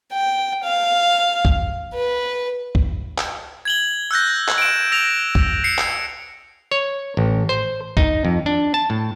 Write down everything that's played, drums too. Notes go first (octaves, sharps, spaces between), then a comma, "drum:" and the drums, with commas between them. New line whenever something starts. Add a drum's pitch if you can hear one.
G5
F5
drum: kick
B4
drum: kick
drum: clap
G#6 F#7 G7
E6 F#6 G6 A#6
drum: clap
D7 E7
E6 A#6 F7
drum: kick
C7 C#7
drum: clap
C#5
A1
C5
D#4, drum: kick
F2
D4
A5
A2